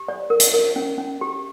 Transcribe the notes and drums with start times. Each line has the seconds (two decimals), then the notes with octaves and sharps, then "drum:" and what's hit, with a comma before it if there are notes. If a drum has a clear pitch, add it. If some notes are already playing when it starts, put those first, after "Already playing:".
Already playing: G4
0.08 D5
0.30 A#4
0.40 drum: hi-hat
0.54 A#4
0.76 C#4
0.98 C#4
1.21 G4